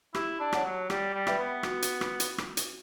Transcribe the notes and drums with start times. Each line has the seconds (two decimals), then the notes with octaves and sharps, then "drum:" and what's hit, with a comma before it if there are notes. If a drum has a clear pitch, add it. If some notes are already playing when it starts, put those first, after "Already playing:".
0.15 E4 G4, drum: rim click
0.40 D4
0.53 C#5 F#5 A5, drum: rim click
0.65 F#3
0.90 G3 G4, drum: rim click
1.14 G3
1.27 B4 E5 G5 B5, drum: rim click
1.38 B3
1.63 F#4, drum: rim click
1.82 drum: hi-hat
2.01 drum: rim click
2.20 drum: hi-hat
2.38 drum: rim click
2.57 drum: hi-hat